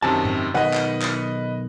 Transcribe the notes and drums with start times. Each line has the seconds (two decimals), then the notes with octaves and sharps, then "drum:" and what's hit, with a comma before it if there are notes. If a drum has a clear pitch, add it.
0.02 F#2 C3 D#3 A5
0.25 drum: tom G#2
0.55 B1 D#3 B4 D#5 F#5 B5
0.74 drum: clap
1.02 drum: clap